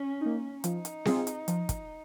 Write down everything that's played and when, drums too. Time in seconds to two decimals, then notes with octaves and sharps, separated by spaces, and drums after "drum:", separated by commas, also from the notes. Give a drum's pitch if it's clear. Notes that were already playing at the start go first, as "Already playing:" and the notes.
Already playing: C#4
0.21 A#3 D#4
0.64 F3 D#4, drum: hi-hat
0.85 drum: hi-hat
1.05 C4 F4 G#4, drum: snare C4
1.27 drum: hi-hat
1.48 F3, drum: hi-hat
1.69 drum: kick, hi-hat